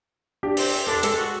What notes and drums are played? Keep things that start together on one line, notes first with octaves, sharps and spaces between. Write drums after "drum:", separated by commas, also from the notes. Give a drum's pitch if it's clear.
D4 G4
C4, drum: open hi-hat
D4 A4 C6
G#3 A4, drum: hi-hat
F#4